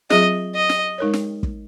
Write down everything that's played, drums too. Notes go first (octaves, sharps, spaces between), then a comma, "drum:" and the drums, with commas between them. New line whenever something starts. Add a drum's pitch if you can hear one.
F#3 C4 F4 G#4 D#5, drum: snare
D#5
drum: snare
G#3 D#4 A#4 C#5
drum: snare
drum: kick